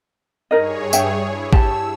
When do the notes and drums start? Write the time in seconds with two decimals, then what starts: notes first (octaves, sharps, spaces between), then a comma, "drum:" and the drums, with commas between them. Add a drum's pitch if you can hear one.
0.51 G2 D#4 G#4 A#4 C#5 D#5
0.93 E5 G5, drum: tambourine
1.23 E4
1.53 G4 A5 E6, drum: kick